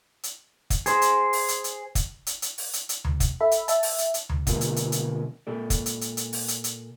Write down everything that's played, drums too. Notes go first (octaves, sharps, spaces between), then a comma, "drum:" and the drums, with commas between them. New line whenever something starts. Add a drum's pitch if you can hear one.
drum: hi-hat
drum: kick, hi-hat
G#4 C5, drum: hi-hat
drum: hi-hat
drum: open hi-hat
drum: hi-hat
drum: hi-hat
drum: kick, hi-hat
drum: hi-hat
drum: hi-hat
drum: open hi-hat
drum: hi-hat
drum: hi-hat
drum: tom D2
drum: kick, hi-hat
A4 E5 B5
drum: hi-hat
E5 A5, drum: hi-hat
drum: open hi-hat
drum: hi-hat
drum: hi-hat
drum: tom D2
B2 D3 F3 A#3 B3, drum: kick, hi-hat
drum: hi-hat
drum: hi-hat
drum: hi-hat
A#2 A4 D5
drum: kick, hi-hat
drum: hi-hat
drum: hi-hat
drum: hi-hat
drum: open hi-hat
drum: hi-hat
drum: hi-hat